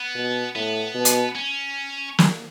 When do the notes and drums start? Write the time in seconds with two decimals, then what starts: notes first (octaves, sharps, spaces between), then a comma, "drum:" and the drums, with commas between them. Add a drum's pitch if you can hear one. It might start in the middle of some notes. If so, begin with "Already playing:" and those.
Already playing: B3
0.15 B2
0.55 A2 B3
0.95 B2
1.05 drum: hi-hat
1.35 C#4
2.19 drum: snare